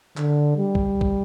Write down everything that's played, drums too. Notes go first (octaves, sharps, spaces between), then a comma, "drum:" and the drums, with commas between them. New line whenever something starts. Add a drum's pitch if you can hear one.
D3, drum: clap
G3
drum: kick B1
drum: kick B1